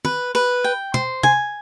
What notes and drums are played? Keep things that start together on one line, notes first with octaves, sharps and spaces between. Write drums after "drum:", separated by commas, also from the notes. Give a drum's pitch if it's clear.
B4, drum: tom
B4
G5
C5, drum: tom
G#5, drum: tom